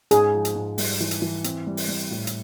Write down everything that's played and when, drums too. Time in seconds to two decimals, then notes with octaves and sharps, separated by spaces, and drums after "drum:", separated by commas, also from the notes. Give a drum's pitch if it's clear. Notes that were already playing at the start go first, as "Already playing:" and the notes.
0.11 G#2 G#4, drum: hi-hat
0.34 F3
0.45 drum: hi-hat
0.56 G#2
0.78 G3, drum: open hi-hat
1.00 E3
1.11 drum: hi-hat
1.22 E3
1.44 C4, drum: hi-hat
1.67 G3
1.77 drum: open hi-hat
1.88 G3
2.11 A2
2.27 drum: hi-hat